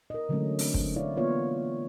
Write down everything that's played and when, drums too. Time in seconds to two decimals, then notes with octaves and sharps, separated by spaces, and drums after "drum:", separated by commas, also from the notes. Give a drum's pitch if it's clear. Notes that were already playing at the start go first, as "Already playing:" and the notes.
0.10 A#4 D#5
0.29 D3 E3 F#3 G#3 A3 C#4
0.59 C4, drum: open hi-hat
0.74 drum: kick
0.96 E4 C#5 D5 F5
1.16 E3 A#3 B3 F4 C#5 F5